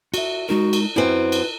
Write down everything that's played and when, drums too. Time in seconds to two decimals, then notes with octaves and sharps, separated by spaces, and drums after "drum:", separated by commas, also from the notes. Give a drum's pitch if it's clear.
0.14 F#4 E5, drum: cymbal
0.49 G#3 D#4 F#4 A#4
0.73 drum: cymbal
0.96 F#2 C4 E4 B4
1.32 drum: cymbal